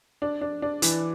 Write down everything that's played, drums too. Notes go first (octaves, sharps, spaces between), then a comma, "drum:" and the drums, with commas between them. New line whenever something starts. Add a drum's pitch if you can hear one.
D4
D4
D4
E3, drum: hi-hat